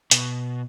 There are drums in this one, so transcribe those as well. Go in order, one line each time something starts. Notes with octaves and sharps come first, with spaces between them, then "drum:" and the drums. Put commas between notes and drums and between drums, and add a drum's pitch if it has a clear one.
B2, drum: hi-hat